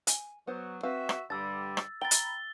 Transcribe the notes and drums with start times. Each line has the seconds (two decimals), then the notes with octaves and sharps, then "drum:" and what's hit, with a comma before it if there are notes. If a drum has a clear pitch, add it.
0.07 G#5, drum: hi-hat
0.47 F#3 B3 C5
0.83 C4 F#4 B4 E5 F5
1.09 drum: rim click
1.30 G2 D3 G3 A5 E6 A6
1.77 drum: rim click
2.02 G5 A#5 B5 A6 G7
2.11 drum: hi-hat